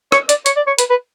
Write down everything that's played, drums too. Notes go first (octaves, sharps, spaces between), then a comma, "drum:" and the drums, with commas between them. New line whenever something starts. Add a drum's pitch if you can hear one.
C#5, drum: rim click
D5, drum: hi-hat
C#5, drum: hi-hat
D5
C#5
B4, drum: hi-hat
B4